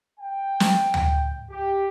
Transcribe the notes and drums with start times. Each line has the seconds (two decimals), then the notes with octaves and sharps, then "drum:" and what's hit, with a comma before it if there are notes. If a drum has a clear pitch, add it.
0.20 G5
0.60 drum: snare
0.94 drum: tom D2
1.50 G4